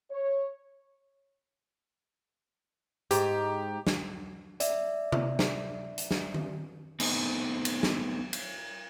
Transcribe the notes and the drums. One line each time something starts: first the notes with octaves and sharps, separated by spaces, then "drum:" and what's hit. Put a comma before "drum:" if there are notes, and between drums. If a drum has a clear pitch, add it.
C#5
G#2 G4, drum: hi-hat
drum: snare
D5 E5, drum: hi-hat
drum: tom C3
drum: snare
drum: hi-hat
drum: snare
drum: tom D#3
A3 B3 C4 D#4, drum: cymbal
drum: cymbal
drum: snare
drum: cymbal